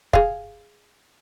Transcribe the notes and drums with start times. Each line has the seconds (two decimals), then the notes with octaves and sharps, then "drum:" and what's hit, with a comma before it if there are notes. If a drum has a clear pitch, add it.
0.13 G#4 F5, drum: kick